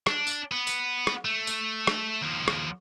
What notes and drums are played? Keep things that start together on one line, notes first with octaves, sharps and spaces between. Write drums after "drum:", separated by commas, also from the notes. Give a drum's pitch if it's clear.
D4, drum: rim click
drum: tambourine
B3
drum: tambourine
drum: rim click
A3
drum: tambourine
drum: rim click
D#2 F3
drum: rim click